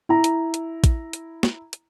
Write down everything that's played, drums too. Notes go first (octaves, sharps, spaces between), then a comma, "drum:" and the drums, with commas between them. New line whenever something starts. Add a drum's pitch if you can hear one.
E4 A#5
drum: hi-hat
drum: hi-hat
drum: kick, hi-hat
drum: hi-hat
drum: snare
drum: hi-hat